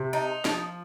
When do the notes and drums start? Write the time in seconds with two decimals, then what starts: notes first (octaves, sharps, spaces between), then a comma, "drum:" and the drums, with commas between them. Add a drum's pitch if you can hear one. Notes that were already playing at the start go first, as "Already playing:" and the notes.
Already playing: C3
0.13 D#4
0.45 F3, drum: snare